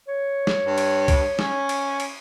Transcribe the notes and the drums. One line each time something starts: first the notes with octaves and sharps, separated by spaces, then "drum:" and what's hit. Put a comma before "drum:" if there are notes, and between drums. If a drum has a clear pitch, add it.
C#5
drum: snare
G2
drum: cymbal
drum: kick C2, cymbal
C#4, drum: snare
drum: cymbal
drum: cymbal